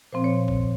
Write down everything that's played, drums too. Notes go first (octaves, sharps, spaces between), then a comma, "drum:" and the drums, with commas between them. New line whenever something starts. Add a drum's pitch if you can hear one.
A#2 F3 C4 C5
C#5
drum: kick